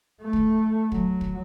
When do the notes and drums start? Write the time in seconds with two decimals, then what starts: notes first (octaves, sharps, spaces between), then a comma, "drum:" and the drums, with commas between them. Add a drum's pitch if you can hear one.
0.23 A3
0.33 drum: kick
0.92 F#3, drum: kick
1.21 drum: kick